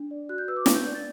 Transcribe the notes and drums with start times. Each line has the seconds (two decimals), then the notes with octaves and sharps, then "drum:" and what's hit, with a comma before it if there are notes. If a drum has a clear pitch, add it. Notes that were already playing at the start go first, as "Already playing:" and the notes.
Already playing: D4
0.11 D5
0.29 F#4 F#6
0.38 G6
0.48 B4 E6
0.57 D6
0.66 D4 C#6, drum: snare
0.75 G6
0.85 D5 G6
0.95 A6